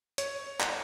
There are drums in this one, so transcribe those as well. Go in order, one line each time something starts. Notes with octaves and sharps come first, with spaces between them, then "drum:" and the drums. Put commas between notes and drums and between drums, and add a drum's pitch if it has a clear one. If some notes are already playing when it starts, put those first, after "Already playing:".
C#5, drum: hi-hat
drum: clap